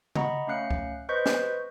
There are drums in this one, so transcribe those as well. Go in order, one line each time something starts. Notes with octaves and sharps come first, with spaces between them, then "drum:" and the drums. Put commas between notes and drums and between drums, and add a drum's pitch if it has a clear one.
D#5 F#5 A#5 B5 C#6, drum: tom C#3
A3 C#4 F5 F#6 C#7
drum: kick C#2
B4 C5 D#5 C#6 G6 B6
drum: snare